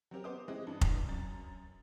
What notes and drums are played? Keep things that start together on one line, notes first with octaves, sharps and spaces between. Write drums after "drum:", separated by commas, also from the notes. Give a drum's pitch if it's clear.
F#3 C4 G4 A#4
B3 C5 D6 D#6
G#3 C4 E4 D#5
G2 E3
drum: kick F1
F#2 A6